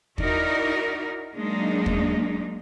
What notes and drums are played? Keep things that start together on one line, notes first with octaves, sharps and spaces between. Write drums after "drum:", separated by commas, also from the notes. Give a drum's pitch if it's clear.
D#4 E4 F#4 A#4 D5, drum: kick
F#3 G#3 A#3 D4 D#4
drum: kick